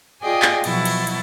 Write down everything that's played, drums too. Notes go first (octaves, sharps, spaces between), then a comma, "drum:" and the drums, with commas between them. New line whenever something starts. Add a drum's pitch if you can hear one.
F4 G#4 D5 D#5 G5 G#5
drum: clap
B2 F3 F#3 E4 F#4 A6, drum: cymbal
drum: cymbal
drum: cymbal